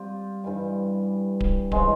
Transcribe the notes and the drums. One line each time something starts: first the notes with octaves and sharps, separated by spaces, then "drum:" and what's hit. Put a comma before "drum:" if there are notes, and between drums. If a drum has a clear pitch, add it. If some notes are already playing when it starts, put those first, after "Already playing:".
Already playing: G3 C4 F4 G4
G2 E3 G3
drum: kick D1
C#3 E3 G3 G#3 G#4, drum: kick D1